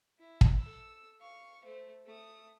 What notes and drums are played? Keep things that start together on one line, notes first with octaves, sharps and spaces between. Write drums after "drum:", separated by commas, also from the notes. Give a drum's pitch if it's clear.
E4
drum: kick
A4 E6
F5 C#6
A3 C5
A3 D#6